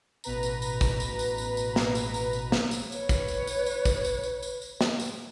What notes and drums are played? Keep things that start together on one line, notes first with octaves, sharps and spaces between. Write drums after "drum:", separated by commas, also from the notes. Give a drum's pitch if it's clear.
A1 B2 B4 A#5, drum: tambourine
drum: tambourine
drum: tambourine
drum: kick, tambourine
drum: tambourine
drum: tambourine
drum: tambourine
drum: tambourine
drum: snare
drum: tambourine
drum: tambourine
drum: tambourine
drum: snare
drum: tambourine
B4 C#5, drum: tambourine
drum: kick, tambourine
drum: tambourine
drum: tambourine
drum: tambourine
drum: kick, tambourine
drum: tambourine
drum: tambourine
drum: tambourine
drum: tambourine
drum: snare
drum: tambourine